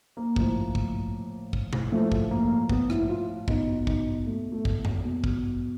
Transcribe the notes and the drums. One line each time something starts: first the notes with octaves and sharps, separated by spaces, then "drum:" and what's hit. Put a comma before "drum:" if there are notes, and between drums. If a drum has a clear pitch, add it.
A#3
A2 F3, drum: kick
drum: kick
drum: kick
drum: tom B2
A2 F3 A3
drum: kick
A#3
B3, drum: kick
E4, drum: rim click
F4
B2 D#4, drum: kick
D#4, drum: kick
A3
A3
drum: kick
drum: tom F2
B2
drum: kick